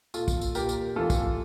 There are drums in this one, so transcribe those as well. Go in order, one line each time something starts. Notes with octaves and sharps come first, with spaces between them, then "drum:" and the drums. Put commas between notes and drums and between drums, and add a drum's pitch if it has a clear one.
A#2 F4 A4, drum: tambourine
drum: kick, tambourine
drum: tambourine
A#2 G4 A#4, drum: tambourine
drum: tambourine
A2 E3 F4 A4
drum: kick, tambourine